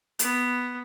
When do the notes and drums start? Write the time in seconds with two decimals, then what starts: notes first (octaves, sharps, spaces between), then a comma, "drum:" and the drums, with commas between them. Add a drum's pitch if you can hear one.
0.19 B3, drum: hi-hat